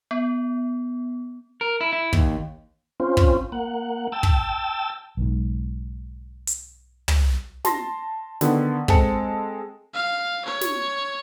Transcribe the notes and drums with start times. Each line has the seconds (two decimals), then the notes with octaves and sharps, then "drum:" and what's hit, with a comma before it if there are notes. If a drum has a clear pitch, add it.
0.11 B3
1.61 A#4
1.81 E4
1.93 E4
2.13 D#2, drum: kick
3.00 C4 C#4 F4 C5
3.17 drum: kick
3.52 A#3 F#5
4.12 G5 A5 E6
4.23 drum: kick
5.17 B1 G#2
6.47 drum: hi-hat
7.08 drum: tom
7.65 A5 C6 A#6, drum: snare
8.41 D3 D#3 B3, drum: snare
8.88 G#3 C4 A4 A5 C#7, drum: kick
9.94 F5
10.45 C#5
10.61 drum: snare